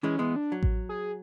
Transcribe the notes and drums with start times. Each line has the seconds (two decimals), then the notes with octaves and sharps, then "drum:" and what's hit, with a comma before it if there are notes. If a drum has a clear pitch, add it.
0.03 E3 G#3 C#4
0.19 E3 G#3 B3
0.36 D4
0.52 F#3
0.63 drum: kick A1
0.89 G#4